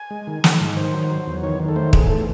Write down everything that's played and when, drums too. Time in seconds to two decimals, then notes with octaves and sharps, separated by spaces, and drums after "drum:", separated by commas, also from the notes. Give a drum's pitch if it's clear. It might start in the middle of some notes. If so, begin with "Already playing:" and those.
Already playing: G#5
0.11 G#3
0.27 D#3
0.44 D#3, drum: snare
0.60 G#2
0.77 D#3 C5
0.94 F#3
1.10 F#3
1.27 E2
1.43 D#3 C#5
1.60 D#3
1.68 A4
1.76 A3 C5
1.93 E2 G#4, drum: kick
2.09 A4